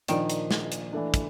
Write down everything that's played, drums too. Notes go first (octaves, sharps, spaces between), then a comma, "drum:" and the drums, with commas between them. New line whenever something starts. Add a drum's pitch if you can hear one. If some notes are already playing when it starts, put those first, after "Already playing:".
A#2 D#3 F3 A#3 D4, drum: hi-hat
drum: hi-hat
drum: snare
drum: hi-hat
E3 A3 D4
drum: kick, hi-hat